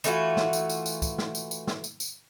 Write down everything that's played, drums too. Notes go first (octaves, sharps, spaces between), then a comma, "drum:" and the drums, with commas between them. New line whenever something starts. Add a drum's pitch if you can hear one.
E3 A3 F4 F#4, drum: tambourine
drum: snare
drum: tambourine
drum: tambourine
drum: tambourine
drum: kick, tambourine
drum: snare
drum: tambourine
drum: tambourine
drum: snare
drum: tambourine
drum: tambourine